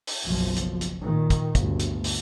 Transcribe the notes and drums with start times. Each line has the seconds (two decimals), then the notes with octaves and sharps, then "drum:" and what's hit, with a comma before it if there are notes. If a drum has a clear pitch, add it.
0.07 drum: open hi-hat
0.25 F#1 B1 F#2 F3
0.57 drum: hi-hat
0.81 drum: hi-hat
1.01 A#2 D#3
1.30 drum: kick, hi-hat
1.55 G1 D2, drum: kick, hi-hat
1.80 drum: hi-hat
2.04 drum: open hi-hat